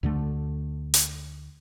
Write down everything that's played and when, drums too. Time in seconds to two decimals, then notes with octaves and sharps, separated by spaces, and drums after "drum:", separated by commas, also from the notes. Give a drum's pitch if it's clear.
0.03 D2 D3 A3
0.94 drum: hi-hat